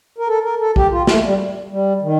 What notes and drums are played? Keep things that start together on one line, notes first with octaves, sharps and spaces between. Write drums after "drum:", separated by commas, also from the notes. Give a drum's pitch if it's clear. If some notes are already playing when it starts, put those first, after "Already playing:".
A#4
A4
A#4
A4
G4, drum: kick B1
F4
A3, drum: snare
G3
G3
D#3